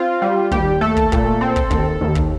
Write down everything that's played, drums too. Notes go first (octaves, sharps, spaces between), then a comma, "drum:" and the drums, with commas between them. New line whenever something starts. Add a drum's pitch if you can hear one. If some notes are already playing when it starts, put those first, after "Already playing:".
Already playing: C4 F4
G3
D#2 G4, drum: kick
A3 A4
drum: kick
A#2, drum: kick
C4
drum: kick
D#2, drum: kick
D#2
drum: kick